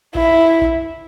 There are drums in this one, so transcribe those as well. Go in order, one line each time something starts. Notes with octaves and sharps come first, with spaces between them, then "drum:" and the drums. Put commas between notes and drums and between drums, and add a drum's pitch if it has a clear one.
E4, drum: kick A1
drum: kick A1